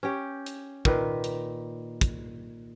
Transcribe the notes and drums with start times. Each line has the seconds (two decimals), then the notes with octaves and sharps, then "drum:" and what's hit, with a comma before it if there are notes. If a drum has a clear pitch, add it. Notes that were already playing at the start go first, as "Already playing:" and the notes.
0.03 C#4 G4
0.46 drum: hi-hat
0.85 A#2 D#3 B4, drum: kick
1.24 drum: hi-hat
2.01 drum: kick, hi-hat